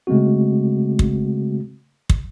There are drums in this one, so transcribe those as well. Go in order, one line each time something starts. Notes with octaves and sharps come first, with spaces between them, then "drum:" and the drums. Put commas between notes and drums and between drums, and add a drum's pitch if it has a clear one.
C#3 G#3 A3 C4 F#4
drum: kick
drum: kick